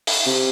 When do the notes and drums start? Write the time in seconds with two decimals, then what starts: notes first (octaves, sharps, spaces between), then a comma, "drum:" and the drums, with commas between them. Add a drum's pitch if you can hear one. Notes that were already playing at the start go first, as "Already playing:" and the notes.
0.07 drum: open hi-hat
0.26 C3